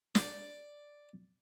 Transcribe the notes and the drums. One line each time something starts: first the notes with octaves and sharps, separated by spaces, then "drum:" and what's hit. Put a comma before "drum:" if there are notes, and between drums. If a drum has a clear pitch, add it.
D5, drum: snare